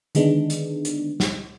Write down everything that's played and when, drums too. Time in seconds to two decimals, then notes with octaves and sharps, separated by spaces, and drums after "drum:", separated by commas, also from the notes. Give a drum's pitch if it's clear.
0.15 D3 D#3 G#3 B3 D4, drum: hi-hat
0.50 drum: hi-hat
0.85 drum: hi-hat
1.20 drum: snare